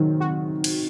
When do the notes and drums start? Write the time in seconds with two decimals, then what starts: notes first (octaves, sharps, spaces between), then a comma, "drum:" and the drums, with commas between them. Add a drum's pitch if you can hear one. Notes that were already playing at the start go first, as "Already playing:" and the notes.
Already playing: D#3 F#3 C4
0.20 F#4
0.64 drum: cymbal